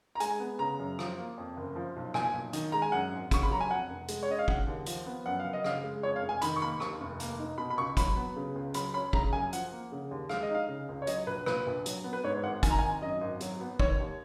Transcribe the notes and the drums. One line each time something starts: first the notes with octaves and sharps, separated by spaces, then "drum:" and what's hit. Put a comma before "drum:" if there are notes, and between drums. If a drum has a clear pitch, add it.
A#5
G#3 G#5, drum: hi-hat
B3
C#3 A#5
F#2
F3, drum: rim click
A#3
F2
F#1
F3
B1
A#2 G#5, drum: rim click
B1
D#3, drum: hi-hat
G#3 A#5
G#5
F#2 F#5
G#1
C#3 C#6, drum: kick, hi-hat
B5
F#3 A#5
G#5
F2 F#5
F1
G#3, drum: hi-hat
C#5
C#4 D#5
F5
C#3 F#5, drum: kick
D#2
F3, drum: hi-hat
B3
F#2 F#5
F#1 F5
D#5
C#3 F5, drum: rim click
G#3
F2 C#5
F5
F1
G#5
D#3 B5, drum: hi-hat
C#6
A#3 B5
D#2 C#6, drum: rim click
F1
A#3, drum: hi-hat
D#4
B2 B5
B5
C#2 C#6
F#3 B5, drum: kick, hi-hat
B3
C#3
C#2
F#3 B5, drum: hi-hat
C#4 B5
C#3 A#5, drum: kick
F#2 G#5
F3 F#5, drum: hi-hat
A#3
C#3
D#2
G#3 F5, drum: rim click
D#5
D#4 F5
C#3
C#2
C#5
F#3 D#5, drum: hi-hat
A#1 B4
A#2 B4, drum: rim click
A#1
F#3, drum: hi-hat
B3
B4
G#2 C#5
G#1 F#5
D#3 G#5, drum: kick, hi-hat
A#5
G#5
G#1
F#2 D#5
G#1
F#3, drum: hi-hat
B3
D#3 C#5, drum: kick
D#2